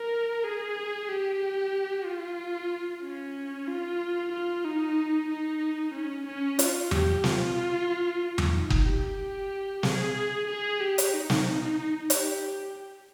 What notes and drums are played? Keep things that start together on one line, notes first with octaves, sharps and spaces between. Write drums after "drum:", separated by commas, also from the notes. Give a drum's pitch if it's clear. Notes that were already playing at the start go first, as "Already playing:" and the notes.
Already playing: A#4
G#4
G4
F4
C#4
F4
F4
D#4
D#4
C#4
C#4
F4, drum: hi-hat
G4, drum: tom E2
F4, drum: snare
drum: tom E2
D#4
drum: kick F#1
G4
G#4, drum: snare
G#4
G4
drum: hi-hat
D#4
drum: snare
G4, drum: hi-hat